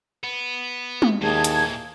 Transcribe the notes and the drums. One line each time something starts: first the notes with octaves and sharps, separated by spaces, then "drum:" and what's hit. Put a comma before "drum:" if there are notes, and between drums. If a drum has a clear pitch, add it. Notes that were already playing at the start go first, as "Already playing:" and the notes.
B3
drum: tom
D#2 A#2 E3 G#4 A5 G#6
drum: hi-hat